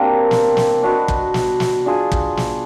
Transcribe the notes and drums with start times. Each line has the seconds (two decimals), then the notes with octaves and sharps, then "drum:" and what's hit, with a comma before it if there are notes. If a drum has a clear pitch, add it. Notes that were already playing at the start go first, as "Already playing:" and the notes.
Already playing: A#3 C4 D4 G4 A#4
0.31 drum: snare
0.57 drum: snare
0.83 D4 F#4 B4 D#5
1.08 drum: kick
1.34 drum: snare
1.60 drum: snare
1.86 D4 F4 G#4
2.12 drum: kick
2.37 drum: snare